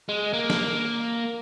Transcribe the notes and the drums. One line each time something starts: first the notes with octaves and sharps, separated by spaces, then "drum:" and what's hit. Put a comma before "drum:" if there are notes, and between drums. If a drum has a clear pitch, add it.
G#3
A#3
drum: snare